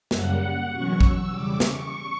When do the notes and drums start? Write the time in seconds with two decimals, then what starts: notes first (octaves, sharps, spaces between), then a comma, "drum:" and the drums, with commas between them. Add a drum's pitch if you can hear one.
0.11 F#2 C#3 G3 A#3 F#5, drum: snare
0.71 E2 B2 F#3 C#4 C#6
1.01 E6, drum: kick A1
1.30 E2 C#3 G3 D6
1.60 C#6, drum: snare